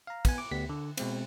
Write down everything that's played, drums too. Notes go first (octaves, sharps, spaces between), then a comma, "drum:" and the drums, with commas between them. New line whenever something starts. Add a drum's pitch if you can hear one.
F5 A#5
B3 G#5, drum: kick, cymbal
D6
D2 B3 G4 B6
D3
B2 G#3 C4, drum: cymbal